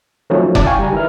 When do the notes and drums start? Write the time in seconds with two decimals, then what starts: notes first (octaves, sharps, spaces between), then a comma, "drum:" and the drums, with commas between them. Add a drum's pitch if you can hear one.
0.30 D#3 F3 F#3 A3 C#4
0.55 E4 D5 A5, drum: kick F1
0.66 F5 G5 G#5 C#6
0.78 C#3 G3 G#5 A#5
0.93 D#3 E4 B4 F6